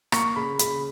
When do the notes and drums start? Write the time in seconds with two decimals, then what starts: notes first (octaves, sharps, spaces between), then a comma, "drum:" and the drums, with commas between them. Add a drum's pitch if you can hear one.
0.12 A#3 C#6, drum: rim click
0.36 C#3 B5
0.59 C#3 B5, drum: hi-hat